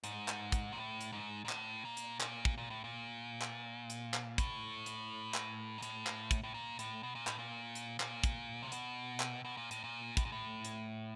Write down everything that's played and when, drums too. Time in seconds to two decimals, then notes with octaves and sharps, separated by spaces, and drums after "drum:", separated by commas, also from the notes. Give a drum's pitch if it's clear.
0.04 G#2, drum: hi-hat
0.28 drum: clap
0.52 drum: kick, hi-hat
0.73 A#2
0.76 A2
1.01 drum: hi-hat
1.12 G#2
1.45 G#2
1.49 A2, drum: clap
1.85 A#2
1.97 drum: hi-hat
2.20 A#2, drum: clap
2.45 drum: kick
2.58 A#2
2.70 A2
2.84 A#2
3.42 drum: clap
3.90 drum: hi-hat
4.14 drum: clap
4.38 A2, drum: kick, hi-hat
4.86 drum: hi-hat
5.34 drum: clap
5.78 G#2
5.82 A2, drum: hi-hat
6.07 drum: clap
6.31 drum: kick, hi-hat
6.43 A2
6.54 A#2
6.79 A2, drum: hi-hat
7.03 B2
7.15 A#2
7.27 A2, drum: clap
7.39 A#2
7.75 drum: hi-hat
8.00 A#2, drum: clap
8.24 drum: kick, hi-hat
8.63 C3
8.72 B2, drum: hi-hat
9.20 drum: clap
9.45 B2
9.57 A#2
9.71 A2, drum: hi-hat
9.84 A#2
10.17 A2, drum: kick, hi-hat
10.25 G#2
10.32 A2
10.65 drum: hi-hat